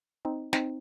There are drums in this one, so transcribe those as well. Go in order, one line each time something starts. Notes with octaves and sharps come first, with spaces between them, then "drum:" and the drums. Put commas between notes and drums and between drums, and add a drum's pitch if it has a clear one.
C4 D#4
C4 D#4, drum: snare